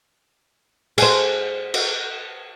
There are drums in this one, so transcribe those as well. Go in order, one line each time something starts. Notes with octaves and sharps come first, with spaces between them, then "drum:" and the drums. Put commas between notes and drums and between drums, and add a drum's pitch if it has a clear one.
G#4 C5, drum: cymbal
drum: cymbal